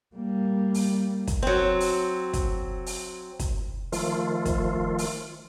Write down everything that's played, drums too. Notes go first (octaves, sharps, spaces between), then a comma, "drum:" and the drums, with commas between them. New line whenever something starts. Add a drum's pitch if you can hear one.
G3 A#3
drum: open hi-hat
drum: kick, hi-hat
F#3 C4
drum: open hi-hat
drum: kick, hi-hat
drum: open hi-hat
drum: kick, hi-hat
D#3 F3 A3 F4, drum: open hi-hat
drum: kick, hi-hat
drum: open hi-hat